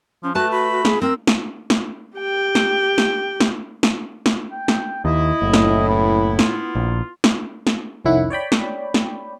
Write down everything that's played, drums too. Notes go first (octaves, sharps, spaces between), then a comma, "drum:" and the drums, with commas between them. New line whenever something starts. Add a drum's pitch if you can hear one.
F3 C#4
A3 F#4 B4 A5 F#6
F#4 B5
F#4
G#4, drum: snare
C4 A#4 E6
drum: snare
drum: snare
G4 G5
drum: snare
drum: snare
drum: snare
drum: snare
drum: snare
G5
drum: snare
D#2 E4 D#5
F#1 A2
drum: snare
B3 E4 B5
F4, drum: snare
A#1
drum: snare
drum: snare
C2 F2 D#3 C#4 E4 F#5
C#5 D5 G5 B5
drum: snare
drum: snare